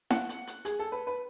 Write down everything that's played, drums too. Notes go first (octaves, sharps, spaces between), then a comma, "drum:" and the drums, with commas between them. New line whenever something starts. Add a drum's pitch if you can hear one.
F#5, drum: snare E4
drum: hi-hat
drum: hi-hat
G#4, drum: hi-hat
A4
B4
B4